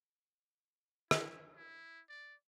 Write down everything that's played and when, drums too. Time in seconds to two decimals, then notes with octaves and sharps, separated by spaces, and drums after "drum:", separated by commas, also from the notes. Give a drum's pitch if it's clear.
1.11 E4, drum: rim click
1.56 E4
2.09 D5